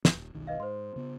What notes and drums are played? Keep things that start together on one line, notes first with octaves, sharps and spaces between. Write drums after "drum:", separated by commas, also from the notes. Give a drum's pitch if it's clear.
D#1, drum: snare
E1 B1 D#3
B4 D#5 F5
G#2 C5 C6
C#3 B3